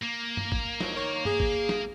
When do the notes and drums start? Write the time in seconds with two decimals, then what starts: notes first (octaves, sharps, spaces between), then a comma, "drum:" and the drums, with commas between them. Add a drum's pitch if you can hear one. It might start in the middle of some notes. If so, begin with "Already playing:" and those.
0.03 A#3
0.37 drum: tom G2
0.52 drum: kick G#1
0.80 F3 F#3 D#4, drum: snare
0.95 D#3 A#4 C#5
1.25 G#4, drum: tom G2
1.40 drum: kick G#1
1.69 drum: snare